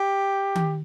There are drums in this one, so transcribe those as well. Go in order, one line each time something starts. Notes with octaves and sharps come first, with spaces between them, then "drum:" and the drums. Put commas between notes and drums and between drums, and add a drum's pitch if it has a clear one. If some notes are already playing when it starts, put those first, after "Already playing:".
Already playing: G4
drum: tom D#3